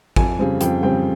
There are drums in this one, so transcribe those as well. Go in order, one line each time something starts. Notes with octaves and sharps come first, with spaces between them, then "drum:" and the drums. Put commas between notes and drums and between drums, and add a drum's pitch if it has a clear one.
F2 G#5, drum: kick G#1
C#3 G3 C4
F2 G5, drum: hi-hat
C#3 G3 C4 G5